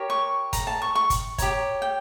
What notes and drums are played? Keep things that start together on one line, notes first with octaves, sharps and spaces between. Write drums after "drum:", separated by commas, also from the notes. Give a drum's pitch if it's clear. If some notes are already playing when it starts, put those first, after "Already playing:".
Already playing: G4 A#4 C#5
C#6
A#5, drum: kick, hi-hat
A5
C#6
C#6
drum: kick, hi-hat
G4 C#5 A#5, drum: kick, hi-hat
G5